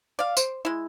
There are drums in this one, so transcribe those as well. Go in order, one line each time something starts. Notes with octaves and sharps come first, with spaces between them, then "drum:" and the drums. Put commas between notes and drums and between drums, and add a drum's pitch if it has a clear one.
D5 F5
C5, drum: tambourine
G#3 E4